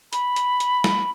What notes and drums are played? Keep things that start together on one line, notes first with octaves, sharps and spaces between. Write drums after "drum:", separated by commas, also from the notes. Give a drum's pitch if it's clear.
B5, drum: hi-hat
drum: hi-hat
drum: hi-hat
drum: snare